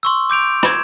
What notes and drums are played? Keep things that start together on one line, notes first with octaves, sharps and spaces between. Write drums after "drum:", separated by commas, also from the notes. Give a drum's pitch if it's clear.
C6 C#6 E6
D6 G6 D7 F7
G#6 E7, drum: rim click